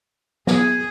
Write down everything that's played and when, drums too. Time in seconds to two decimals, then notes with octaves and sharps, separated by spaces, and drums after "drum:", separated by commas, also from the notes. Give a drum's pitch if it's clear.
0.47 F#3 B3 G#4 A#6, drum: snare